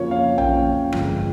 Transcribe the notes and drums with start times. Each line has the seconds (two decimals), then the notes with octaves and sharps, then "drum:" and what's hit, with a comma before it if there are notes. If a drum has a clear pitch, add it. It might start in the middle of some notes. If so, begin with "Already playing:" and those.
Already playing: F2 C#3 F3 A#3 C#4 C#5
0.11 F5
0.38 F2 C#3 F3 A#3 C#4 G5, drum: tom A#1
0.92 G1 F2 C#3 G#3, drum: rim click